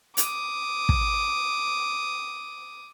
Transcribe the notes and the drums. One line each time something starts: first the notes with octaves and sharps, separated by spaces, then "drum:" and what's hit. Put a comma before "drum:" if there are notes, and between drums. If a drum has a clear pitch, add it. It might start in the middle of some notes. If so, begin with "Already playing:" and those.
D6 D#6, drum: hi-hat
drum: kick